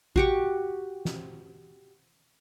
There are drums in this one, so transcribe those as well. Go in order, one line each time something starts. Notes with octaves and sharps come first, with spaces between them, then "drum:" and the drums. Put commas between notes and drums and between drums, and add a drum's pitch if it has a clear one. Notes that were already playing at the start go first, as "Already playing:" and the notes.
F#4 G4 C#6, drum: kick A1
drum: snare